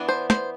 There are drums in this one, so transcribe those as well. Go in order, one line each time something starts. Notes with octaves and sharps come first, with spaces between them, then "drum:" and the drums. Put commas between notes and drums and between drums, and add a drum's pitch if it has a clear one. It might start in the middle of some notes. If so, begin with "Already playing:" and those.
Already playing: E3 B3 D4
C5
C5, drum: snare